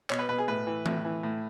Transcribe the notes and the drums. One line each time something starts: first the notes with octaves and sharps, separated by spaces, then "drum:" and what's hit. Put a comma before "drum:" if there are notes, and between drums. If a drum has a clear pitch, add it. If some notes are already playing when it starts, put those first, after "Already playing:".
B2 C#5, drum: clap
B4
B2 B4
G#4
A2 B4
E3
A2, drum: tom E3
E3
A2